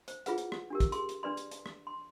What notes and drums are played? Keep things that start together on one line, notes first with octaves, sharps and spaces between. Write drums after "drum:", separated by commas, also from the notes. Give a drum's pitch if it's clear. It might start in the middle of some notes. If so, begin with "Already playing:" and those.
C5, drum: hi-hat
E4 F4 G#4 B4 F#5, drum: hi-hat
drum: hi-hat
drum: rim click
D4 G4 A#4
drum: kick, hi-hat
G#4 C6, drum: hi-hat
drum: hi-hat
D4 B4 D5 C6
drum: hi-hat
drum: hi-hat
drum: rim click
C6